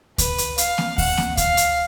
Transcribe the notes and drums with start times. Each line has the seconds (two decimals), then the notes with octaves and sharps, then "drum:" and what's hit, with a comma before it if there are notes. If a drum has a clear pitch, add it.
0.18 B4, drum: kick D2, hi-hat
0.38 drum: hi-hat
0.58 F5, drum: hi-hat
0.78 drum: snare A#3
0.98 F#5, drum: kick D2, open hi-hat
1.17 drum: snare A#3
1.37 F5, drum: kick D2, hi-hat
1.57 drum: hi-hat